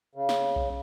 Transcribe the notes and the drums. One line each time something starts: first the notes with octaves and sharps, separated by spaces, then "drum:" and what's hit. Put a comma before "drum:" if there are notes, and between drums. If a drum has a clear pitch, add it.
C#3
drum: snare
drum: kick B1